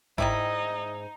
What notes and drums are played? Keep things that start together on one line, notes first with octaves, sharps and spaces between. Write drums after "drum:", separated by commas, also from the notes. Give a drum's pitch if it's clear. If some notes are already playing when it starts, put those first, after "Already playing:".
G#2 D#3 G3 D#4 E4 D#5, drum: kick